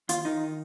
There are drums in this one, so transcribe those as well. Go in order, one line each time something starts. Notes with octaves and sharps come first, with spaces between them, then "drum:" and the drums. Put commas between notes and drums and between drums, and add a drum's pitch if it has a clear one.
D#2 F4, drum: hi-hat
D#3 D#4